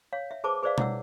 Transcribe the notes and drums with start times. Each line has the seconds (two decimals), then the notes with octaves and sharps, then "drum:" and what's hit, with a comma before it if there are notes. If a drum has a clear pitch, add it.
0.13 C#5 F5
0.31 E5
0.44 G#4 B4 C5 A5 D6
0.63 G#4 B4 C5 D5 E5 F5
0.78 E4 C#5 F#5 E6, drum: tom B2